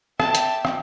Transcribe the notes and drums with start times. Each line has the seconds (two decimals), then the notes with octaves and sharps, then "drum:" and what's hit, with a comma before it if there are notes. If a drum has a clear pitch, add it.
0.20 G4 E5 A5, drum: rim click
0.35 drum: hi-hat
0.65 drum: rim click